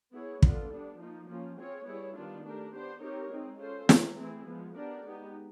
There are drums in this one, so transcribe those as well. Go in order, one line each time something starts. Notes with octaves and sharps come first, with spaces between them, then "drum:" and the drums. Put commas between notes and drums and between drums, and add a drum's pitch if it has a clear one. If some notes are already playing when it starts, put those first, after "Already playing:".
B3 E4 G#4 C#5
B3 D4 F4 A4, drum: kick
G3 B3 D4
F3 A#3 D#4
F3 A#3 C#4 F4
C4 F4 G#4 C#5
G3 B3 E4 G#4 C#5
D#3 G3 B3 D4 F4
A3 D4 G4 A#4
B3 D4 G4 C5
C4 D#4 G4 A#4 C#5
G#3 C4 D#4
C#4 F4 A4 C5
E3 G#3 C#4, drum: snare
E3 A3 C4 E4 G#4
F3 G#3 B3
B3 D4 G4 A#4 D5
G#3 B3 D#4 G4